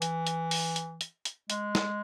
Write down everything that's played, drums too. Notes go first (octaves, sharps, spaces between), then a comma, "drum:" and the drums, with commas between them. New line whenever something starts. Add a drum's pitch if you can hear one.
E3, drum: hi-hat
drum: hi-hat
drum: open hi-hat
drum: hi-hat
drum: hi-hat
drum: hi-hat
G#3, drum: hi-hat
drum: snare